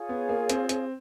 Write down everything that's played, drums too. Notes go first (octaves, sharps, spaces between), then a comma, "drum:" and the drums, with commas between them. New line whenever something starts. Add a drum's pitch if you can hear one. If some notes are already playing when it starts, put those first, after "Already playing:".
Already playing: F4 G#4 C#5
B3
A#3
C4, drum: hi-hat
C4, drum: hi-hat